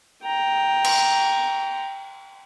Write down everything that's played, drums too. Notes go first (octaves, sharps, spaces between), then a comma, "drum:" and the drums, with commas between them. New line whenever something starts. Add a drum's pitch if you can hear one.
G5 A#5
drum: cymbal